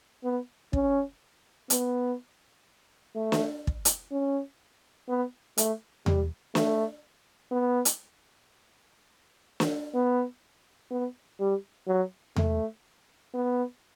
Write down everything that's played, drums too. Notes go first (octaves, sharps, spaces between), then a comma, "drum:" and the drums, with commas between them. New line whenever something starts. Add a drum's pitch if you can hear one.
B3
C#4, drum: kick
B3, drum: hi-hat
A3
drum: snare
drum: kick
drum: hi-hat
C#4
B3
A3, drum: hi-hat
G3, drum: tom E2
A3, drum: snare
B3
drum: hi-hat
drum: snare
B3
B3
G3
F#3
A3, drum: tom E2
B3